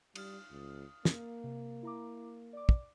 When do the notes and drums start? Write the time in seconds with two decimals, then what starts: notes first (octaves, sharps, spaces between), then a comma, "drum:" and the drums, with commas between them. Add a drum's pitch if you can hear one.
0.15 G3 D#6 F6, drum: cymbal
0.51 C#2
1.05 A#3, drum: snare
1.44 C3
1.83 E4 A#5 D6
2.53 D5 D6
2.69 drum: kick